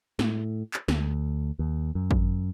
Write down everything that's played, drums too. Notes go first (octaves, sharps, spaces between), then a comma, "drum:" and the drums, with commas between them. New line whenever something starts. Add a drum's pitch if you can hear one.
A2, drum: snare
drum: clap
D2, drum: snare
D#2
F#2
drum: kick